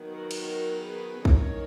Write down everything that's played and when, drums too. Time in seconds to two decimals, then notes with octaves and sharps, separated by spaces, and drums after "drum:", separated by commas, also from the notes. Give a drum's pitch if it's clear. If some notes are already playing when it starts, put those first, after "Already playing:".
Already playing: D#3 F#3 B3
0.11 F#4 A#4
0.31 drum: cymbal
0.40 F#4 A#4
0.82 G#4 B4
1.25 D#3 A#3 C#4 A#4 C#5, drum: kick